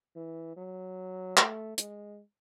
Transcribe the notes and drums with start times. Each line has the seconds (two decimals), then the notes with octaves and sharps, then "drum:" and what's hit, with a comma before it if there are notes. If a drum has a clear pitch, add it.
0.16 E3
0.56 F#3
1.37 A3, drum: clap
1.78 G#3, drum: hi-hat